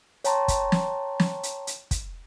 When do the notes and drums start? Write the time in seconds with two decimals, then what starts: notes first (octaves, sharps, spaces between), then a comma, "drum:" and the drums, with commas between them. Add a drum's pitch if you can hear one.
0.24 C#5 G5 A5 A#5 C6 C#6, drum: hi-hat
0.48 drum: kick, hi-hat
0.72 drum: snare
1.20 drum: snare
1.43 drum: hi-hat
1.67 drum: hi-hat
1.91 drum: kick, hi-hat